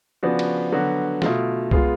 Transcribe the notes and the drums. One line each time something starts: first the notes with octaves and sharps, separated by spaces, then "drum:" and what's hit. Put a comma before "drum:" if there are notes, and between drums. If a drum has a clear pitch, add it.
C#3 F3 B3 D4 F#4
drum: cymbal
D3 F#3 B3 F#4
B2 A3 F4, drum: snare
G#3 B3 F4 G#4, drum: kick C2